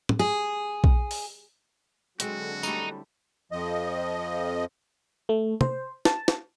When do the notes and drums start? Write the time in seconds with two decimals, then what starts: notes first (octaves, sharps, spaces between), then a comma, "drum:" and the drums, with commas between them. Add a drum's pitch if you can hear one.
0.09 drum: tom
0.19 G#4
0.84 drum: kick A#1
1.11 drum: open hi-hat
2.20 D3 F#3 G#3 C4 F#4, drum: hi-hat
2.63 G3 A3 D#4 E4, drum: tambourine
3.52 F2 F3 D#5
5.29 A3
5.61 C5, drum: tom
6.05 A5, drum: snare
6.28 drum: snare